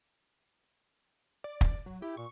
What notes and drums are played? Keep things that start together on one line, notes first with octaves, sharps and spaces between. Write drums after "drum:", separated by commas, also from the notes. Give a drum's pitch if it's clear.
D5
drum: kick
F#3
E4 G4
A#2 C#6